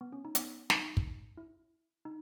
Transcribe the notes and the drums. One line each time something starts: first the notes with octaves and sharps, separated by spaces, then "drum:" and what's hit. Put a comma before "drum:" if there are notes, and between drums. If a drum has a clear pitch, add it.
B3
C#4
D#4
B3, drum: hi-hat
D#4, drum: snare
drum: kick
E4
D#4